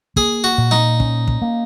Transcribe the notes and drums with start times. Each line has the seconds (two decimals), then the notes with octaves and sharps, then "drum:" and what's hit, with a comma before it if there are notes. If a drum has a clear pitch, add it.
0.16 A#3 G#4, drum: kick
0.44 F#4
0.58 A#2
0.71 D#4, drum: snare
1.00 C#4, drum: kick
1.28 drum: kick
1.42 A#3